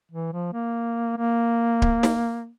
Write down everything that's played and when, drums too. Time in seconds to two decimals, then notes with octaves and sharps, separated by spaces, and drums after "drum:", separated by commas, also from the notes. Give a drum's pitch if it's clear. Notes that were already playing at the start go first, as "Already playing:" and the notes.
0.12 E3
0.33 F3
0.53 A#3
1.18 A#3
1.82 drum: kick D1
2.03 drum: snare